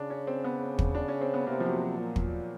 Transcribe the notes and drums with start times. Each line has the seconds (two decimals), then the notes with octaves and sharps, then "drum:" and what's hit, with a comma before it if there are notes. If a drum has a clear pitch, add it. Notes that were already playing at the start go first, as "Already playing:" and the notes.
Already playing: C#3 D4
0.10 C#4
0.27 C4
0.44 B3
0.79 drum: kick
0.95 D4
1.08 C#4
1.21 C4
1.34 B3
1.47 C3 A#3
1.60 F3
1.65 F#3
1.82 F#3
1.98 A#2
2.16 drum: kick